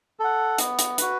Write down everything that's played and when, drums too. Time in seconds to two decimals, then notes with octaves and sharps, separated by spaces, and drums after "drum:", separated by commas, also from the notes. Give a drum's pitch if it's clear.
0.19 A4 F#5
0.58 B3, drum: hi-hat
0.79 drum: hi-hat
0.98 F#4 B4, drum: hi-hat